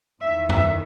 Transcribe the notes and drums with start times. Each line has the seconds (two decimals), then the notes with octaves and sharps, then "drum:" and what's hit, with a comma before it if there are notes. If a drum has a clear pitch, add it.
0.20 E2 D#3 E5
0.49 E5, drum: tom F#2